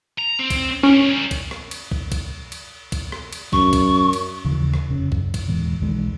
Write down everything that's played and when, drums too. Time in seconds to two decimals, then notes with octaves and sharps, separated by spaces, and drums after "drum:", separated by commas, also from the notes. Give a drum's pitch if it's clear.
0.18 A#5
0.39 C4
0.50 drum: kick, cymbal
0.83 G3 C#4 A#4
1.31 drum: kick, cymbal
1.51 drum: rim click
1.71 drum: cymbal
1.91 drum: kick
2.12 drum: kick, cymbal
2.52 drum: cymbal
2.92 drum: kick, cymbal
3.12 drum: rim click
3.33 drum: cymbal
3.53 F#2 C#6, drum: kick
3.73 drum: kick, cymbal
4.13 drum: cymbal
4.45 D#2 C#3 E3 F3
4.74 drum: rim click
4.90 F1 C#3 C#4
5.12 F#2, drum: kick
5.34 drum: kick, cymbal
5.48 D#1 E2 G#2
5.82 B1 E2 D#3 G#3